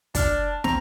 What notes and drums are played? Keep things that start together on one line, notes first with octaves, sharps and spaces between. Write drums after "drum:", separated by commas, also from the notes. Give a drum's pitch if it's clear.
D4 A5 F6, drum: kick, hi-hat
C4 A#5, drum: snare